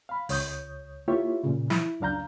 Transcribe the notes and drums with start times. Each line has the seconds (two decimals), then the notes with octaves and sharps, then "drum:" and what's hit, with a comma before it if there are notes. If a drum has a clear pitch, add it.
0.09 F5 B5
0.29 C#2 C#5 D#6 G6, drum: open hi-hat
1.08 A#3 E4 F4 G4 C#5 E5
1.43 A#2 C#3
1.70 E4, drum: snare
2.00 C#2 F#2 D4 F5 A#5 G6